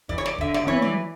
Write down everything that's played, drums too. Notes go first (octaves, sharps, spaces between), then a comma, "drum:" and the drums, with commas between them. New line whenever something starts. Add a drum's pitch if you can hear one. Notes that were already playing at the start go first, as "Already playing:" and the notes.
E3 D5, drum: kick
C#5
D5, drum: snare
D3 E5, drum: kick
D5, drum: snare
E3 C#5, drum: tom
D5